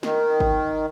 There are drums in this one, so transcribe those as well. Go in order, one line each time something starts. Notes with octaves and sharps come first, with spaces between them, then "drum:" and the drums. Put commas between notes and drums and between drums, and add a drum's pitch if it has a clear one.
D#3, drum: snare
drum: kick